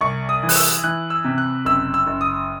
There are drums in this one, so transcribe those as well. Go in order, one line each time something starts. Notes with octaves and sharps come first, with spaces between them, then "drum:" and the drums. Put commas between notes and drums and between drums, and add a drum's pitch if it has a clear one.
C2 C#6
D#6
E3
F#6, drum: open hi-hat
E6
E3 F#6
E6
C3
F#6
F#1 E6
E6
F#1
D#6